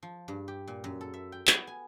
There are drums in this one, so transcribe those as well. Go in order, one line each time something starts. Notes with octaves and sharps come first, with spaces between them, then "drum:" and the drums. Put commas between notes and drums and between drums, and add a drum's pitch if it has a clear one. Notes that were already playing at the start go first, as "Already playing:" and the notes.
F3
G2
G4
A#2
F#2
A4
E5
G5
B3, drum: clap
G#5